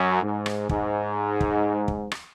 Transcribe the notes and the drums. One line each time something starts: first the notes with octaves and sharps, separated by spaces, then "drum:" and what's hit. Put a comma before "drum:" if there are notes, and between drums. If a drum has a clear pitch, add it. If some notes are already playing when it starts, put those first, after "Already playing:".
Already playing: F#2
G#2
drum: rim click
G#2, drum: kick
drum: kick
drum: kick
drum: rim click